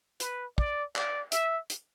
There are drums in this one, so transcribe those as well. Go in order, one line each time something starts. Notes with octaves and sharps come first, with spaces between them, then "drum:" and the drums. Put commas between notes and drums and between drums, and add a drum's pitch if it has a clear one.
B4, drum: hi-hat
D5, drum: kick
D5, drum: clap
E5, drum: hi-hat
drum: hi-hat